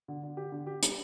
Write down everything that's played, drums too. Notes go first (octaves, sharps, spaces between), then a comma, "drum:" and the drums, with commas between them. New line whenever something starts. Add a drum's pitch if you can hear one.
D3
D3
G4
D3
G4
G3, drum: hi-hat